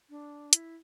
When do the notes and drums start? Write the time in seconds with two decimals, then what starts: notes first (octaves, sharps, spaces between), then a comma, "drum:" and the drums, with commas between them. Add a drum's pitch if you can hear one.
0.10 D4
0.53 E4, drum: hi-hat